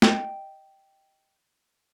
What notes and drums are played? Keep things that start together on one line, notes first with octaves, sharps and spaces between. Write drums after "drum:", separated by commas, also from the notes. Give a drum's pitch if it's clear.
D#5 G5, drum: snare